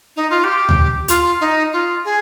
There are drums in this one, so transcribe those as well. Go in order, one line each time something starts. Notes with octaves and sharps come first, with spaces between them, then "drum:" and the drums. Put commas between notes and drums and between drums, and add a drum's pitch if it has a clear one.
D#4
F4
G4
drum: tom D2
F4, drum: hi-hat
D#4
F4
G#4